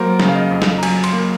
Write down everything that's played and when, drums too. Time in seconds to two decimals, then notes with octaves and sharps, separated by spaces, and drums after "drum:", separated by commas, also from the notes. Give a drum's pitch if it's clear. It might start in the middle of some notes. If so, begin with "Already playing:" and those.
Already playing: F#3 A#3 A#4 C5
0.20 C#3, drum: snare
0.29 F5
0.36 D#5
0.51 F2
0.62 drum: snare
0.78 A#5
0.83 F#3 G#5, drum: cymbal
1.04 C6, drum: cymbal
1.13 A#3